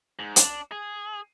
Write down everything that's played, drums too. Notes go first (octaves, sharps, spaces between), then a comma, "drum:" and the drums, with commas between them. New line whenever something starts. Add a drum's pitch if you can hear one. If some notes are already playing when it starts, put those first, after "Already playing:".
G#2
D4, drum: hi-hat
G#4